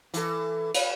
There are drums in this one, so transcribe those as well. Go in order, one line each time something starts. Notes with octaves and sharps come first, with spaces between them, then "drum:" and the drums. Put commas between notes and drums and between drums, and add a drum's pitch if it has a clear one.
E3 A4, drum: hi-hat
drum: cymbal